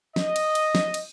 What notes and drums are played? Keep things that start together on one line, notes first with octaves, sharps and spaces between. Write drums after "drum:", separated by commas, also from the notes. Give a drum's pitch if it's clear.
D#5, drum: snare
drum: cymbal
drum: cymbal
drum: snare
drum: cymbal